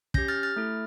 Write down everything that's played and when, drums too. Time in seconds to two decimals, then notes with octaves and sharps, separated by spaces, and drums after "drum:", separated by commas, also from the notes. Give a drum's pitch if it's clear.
0.14 C#4 G4 G6 A#6, drum: kick
0.28 F6 A6
0.43 F6 A6
0.56 A3 E4 A4